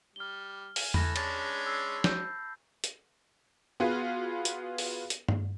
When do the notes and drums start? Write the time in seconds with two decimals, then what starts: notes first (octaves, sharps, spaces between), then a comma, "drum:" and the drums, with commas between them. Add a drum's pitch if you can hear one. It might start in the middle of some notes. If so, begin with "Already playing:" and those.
0.16 G3 F6 G7
0.76 G#5, drum: open hi-hat
0.94 E3 A4 B5 A#6, drum: tom E2
1.16 G#3 C#4 D4 A5 A6, drum: cymbal
1.66 E6 C7
2.04 G6, drum: snare
2.84 drum: hi-hat
3.80 B3 F4 F#4 G#4 B4
4.45 drum: hi-hat
4.78 drum: open hi-hat
5.10 drum: hi-hat
5.28 drum: tom G2